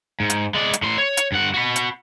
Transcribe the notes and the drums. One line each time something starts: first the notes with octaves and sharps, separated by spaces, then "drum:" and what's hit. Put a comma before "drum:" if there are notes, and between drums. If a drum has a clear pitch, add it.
G#2
drum: hi-hat
G#3 D5
drum: hi-hat
A2 C6
C#5
drum: hi-hat
G2 F#5
F#4 B5
drum: hi-hat